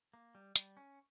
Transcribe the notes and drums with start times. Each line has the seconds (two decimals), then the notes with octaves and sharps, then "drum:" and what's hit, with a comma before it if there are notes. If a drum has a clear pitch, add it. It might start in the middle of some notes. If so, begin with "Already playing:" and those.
0.14 A#3
0.35 G3
0.56 G3, drum: hi-hat
0.77 C#4